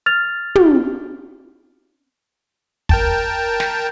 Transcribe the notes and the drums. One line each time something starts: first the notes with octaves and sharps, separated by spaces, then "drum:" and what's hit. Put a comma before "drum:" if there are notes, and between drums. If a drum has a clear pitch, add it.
F6 A6 F7
drum: tom
A#4 G5 A5, drum: kick
drum: snare